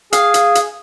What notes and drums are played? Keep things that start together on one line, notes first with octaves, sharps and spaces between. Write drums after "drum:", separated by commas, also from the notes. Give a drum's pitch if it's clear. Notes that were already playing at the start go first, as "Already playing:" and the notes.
G#4 F5, drum: hi-hat
drum: hi-hat
drum: hi-hat